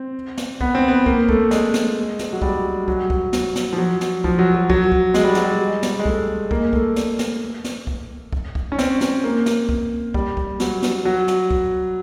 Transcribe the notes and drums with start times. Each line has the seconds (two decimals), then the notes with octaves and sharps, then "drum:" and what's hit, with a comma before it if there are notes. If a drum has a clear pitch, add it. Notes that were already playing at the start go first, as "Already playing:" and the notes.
Already playing: C4
0.37 drum: snare
0.61 B3, drum: kick
0.75 C4
0.88 B3
1.06 A#3, drum: kick
1.29 A3, drum: kick
1.51 G#3, drum: snare
1.74 drum: snare
2.19 drum: snare
2.33 F#3
2.42 G3, drum: kick
2.88 F#3, drum: kick
3.10 drum: kick
3.33 drum: snare
3.55 drum: snare
3.73 F3
3.78 F#3
4.01 drum: snare
4.24 F3, drum: kick
4.39 F#3
4.55 F#3
4.70 F#3, drum: kick
4.92 drum: kick
5.14 G#3, drum: snare
5.24 G3
5.35 F#3, drum: snare
5.44 G3
5.83 drum: snare
5.99 G#3
6.05 A3, drum: kick
6.51 A#3, drum: kick
6.73 A3, drum: kick
6.96 drum: snare
7.19 drum: snare
7.64 drum: snare
7.87 drum: kick
8.33 drum: kick
8.55 drum: kick
8.72 C#4
8.79 C4, drum: snare
9.01 drum: snare
9.24 A#3
9.46 drum: snare
9.69 drum: kick
10.14 G3, drum: kick
10.37 drum: kick
10.60 F#3, drum: snare
10.82 drum: snare
11.05 F#3
11.28 drum: snare
11.51 drum: kick